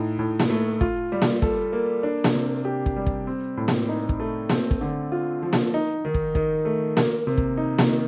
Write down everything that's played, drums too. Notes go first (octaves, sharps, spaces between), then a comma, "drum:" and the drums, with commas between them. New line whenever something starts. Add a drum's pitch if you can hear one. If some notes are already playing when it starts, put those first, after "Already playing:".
Already playing: A2 D#4
A2
drum: snare A#3
A3
F4, drum: kick
G3
drum: snare A#3
A4, drum: kick
A#3
D4
drum: snare A#3
C3
G4
drum: kick
G3
drum: kick
C4
A2
drum: snare A#3
D#4
drum: kick
A3
C4, drum: snare A#3
drum: kick
D3
F4
F3
drum: snare A#3
D#4
D#3
drum: kick
D#3, drum: kick
A3
A#3, drum: snare A#3
C3
drum: kick
D#4
drum: snare A#3
D#3